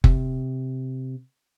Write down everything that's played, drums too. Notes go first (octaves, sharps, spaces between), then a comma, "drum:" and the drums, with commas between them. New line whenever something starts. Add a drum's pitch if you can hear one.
C3, drum: kick